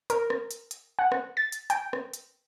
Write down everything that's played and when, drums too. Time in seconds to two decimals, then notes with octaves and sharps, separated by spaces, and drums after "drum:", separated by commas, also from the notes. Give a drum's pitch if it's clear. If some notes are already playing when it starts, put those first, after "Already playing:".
0.10 A#4, drum: hi-hat
0.30 drum: rim click
0.51 drum: hi-hat
0.71 drum: hi-hat
0.99 F#5
1.12 drum: rim click
1.37 A6
1.52 drum: hi-hat
1.70 G5, drum: hi-hat
1.93 drum: rim click
2.14 drum: hi-hat